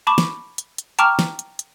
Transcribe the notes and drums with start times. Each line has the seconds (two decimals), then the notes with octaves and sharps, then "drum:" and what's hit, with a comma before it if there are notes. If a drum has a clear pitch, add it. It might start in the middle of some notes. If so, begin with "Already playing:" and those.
0.07 A5 B5 C#6 D6 E7
0.18 drum: snare
0.58 drum: hi-hat
0.78 drum: hi-hat
0.99 G5 A5 A#5 C#6 D6 F6, drum: hi-hat
1.19 drum: snare
1.39 drum: hi-hat
1.59 drum: hi-hat